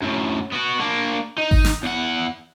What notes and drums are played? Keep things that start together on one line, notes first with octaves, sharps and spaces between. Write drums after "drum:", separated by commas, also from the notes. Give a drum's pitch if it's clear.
F#2 A2
B3 F#4
A#3 D4
D#4
drum: kick G#1
drum: snare
E2 F#5